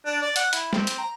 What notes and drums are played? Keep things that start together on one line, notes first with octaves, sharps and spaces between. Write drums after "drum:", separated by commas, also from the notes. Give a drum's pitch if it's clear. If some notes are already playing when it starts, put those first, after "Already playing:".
D4
D5
F#5, drum: hi-hat
E4, drum: hi-hat
C4, drum: snare
drum: hi-hat
A#5